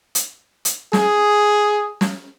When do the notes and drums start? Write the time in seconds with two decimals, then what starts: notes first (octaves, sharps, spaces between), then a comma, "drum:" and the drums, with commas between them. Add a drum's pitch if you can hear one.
0.15 drum: hi-hat
0.65 drum: hi-hat
0.93 G#4, drum: snare
2.01 drum: snare